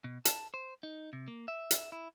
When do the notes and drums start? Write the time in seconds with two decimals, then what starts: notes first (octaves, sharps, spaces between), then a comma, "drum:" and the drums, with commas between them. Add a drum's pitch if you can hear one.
0.04 B2
0.25 A5, drum: hi-hat
0.54 C5
0.83 D#4
1.13 C3
1.28 A#3
1.48 E5
1.71 drum: hi-hat
1.92 E4